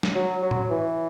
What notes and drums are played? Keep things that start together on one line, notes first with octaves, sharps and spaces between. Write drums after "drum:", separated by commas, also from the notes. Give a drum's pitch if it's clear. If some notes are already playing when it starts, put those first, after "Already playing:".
drum: snare
F#3
F#3
drum: tom A2
E3